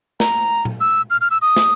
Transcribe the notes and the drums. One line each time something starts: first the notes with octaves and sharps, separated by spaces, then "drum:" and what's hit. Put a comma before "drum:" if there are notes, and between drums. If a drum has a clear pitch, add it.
A#5, drum: snare
drum: tom A#2
E6
F6
F6
E6
D#6
drum: snare